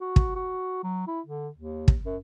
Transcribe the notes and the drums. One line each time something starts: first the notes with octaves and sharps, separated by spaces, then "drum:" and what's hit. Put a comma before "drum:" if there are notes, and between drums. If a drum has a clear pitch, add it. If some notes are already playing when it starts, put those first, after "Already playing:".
F#4
drum: kick
F#4
F#3
E4
D3
D#2
drum: kick
F#2